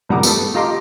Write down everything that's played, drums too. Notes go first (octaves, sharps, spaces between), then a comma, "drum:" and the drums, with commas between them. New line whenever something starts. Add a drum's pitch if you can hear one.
A#1 G3 F#5 A#5 D6
A3 B3, drum: tambourine
F4 G4 D#5 A#5 C6 D6